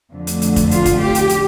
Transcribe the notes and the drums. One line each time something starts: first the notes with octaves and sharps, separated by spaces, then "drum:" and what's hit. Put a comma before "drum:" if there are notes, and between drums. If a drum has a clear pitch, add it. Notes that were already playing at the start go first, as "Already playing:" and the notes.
F2 D3 A3
drum: hi-hat
drum: hi-hat
drum: kick, hi-hat
F4, drum: hi-hat
drum: kick, hi-hat
G4
drum: hi-hat
drum: hi-hat